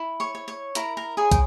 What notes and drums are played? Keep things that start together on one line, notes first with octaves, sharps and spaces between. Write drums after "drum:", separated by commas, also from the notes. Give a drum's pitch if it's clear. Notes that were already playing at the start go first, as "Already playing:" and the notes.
Already playing: E4
C#5 C#6
C#5
C#5 C#6
E4 A#4 A#5, drum: hi-hat
A#4 A#5
G#4 C#5 G#5
G5, drum: kick, hi-hat